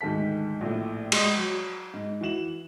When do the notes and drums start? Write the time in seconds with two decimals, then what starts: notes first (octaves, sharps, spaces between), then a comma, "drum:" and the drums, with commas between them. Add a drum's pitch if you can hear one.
0.01 D2 G#2 D#3 A4 B6
0.61 A#1 A2
1.12 G#3 C6 D#6, drum: cymbal
1.37 F#3
1.94 G#2
2.21 E3 F#4 E7 F#7